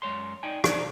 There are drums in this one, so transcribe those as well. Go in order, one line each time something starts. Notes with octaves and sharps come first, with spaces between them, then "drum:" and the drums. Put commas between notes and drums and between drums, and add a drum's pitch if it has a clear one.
F#2 G#3 C#5 C6
D#4 D5 G5 G#5
F2 E3 D#4 C5 D5, drum: rim click